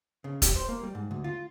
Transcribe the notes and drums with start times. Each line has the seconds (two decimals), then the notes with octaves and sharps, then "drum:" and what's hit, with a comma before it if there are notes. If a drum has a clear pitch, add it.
0.24 C#3
0.42 G4, drum: kick E1, hi-hat
0.56 C5
0.69 A#3
0.83 G3
0.95 G#2
1.11 D2
1.24 F4